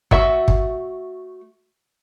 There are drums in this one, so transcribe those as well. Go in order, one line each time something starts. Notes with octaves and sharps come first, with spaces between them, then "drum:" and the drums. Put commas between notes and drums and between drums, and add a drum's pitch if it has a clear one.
A3 F#4 E5, drum: kick
drum: kick